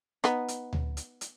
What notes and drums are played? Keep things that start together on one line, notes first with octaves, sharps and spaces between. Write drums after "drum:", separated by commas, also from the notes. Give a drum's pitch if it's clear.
B3 D#4, drum: rim click
drum: hi-hat
drum: tom D2
drum: hi-hat
drum: hi-hat